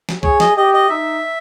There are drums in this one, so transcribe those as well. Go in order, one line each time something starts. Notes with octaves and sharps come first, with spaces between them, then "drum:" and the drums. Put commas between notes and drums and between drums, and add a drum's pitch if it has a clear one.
drum: snare
G#4 C#5, drum: kick
D#5, drum: snare
G4 D#5
D#5
D#4 E5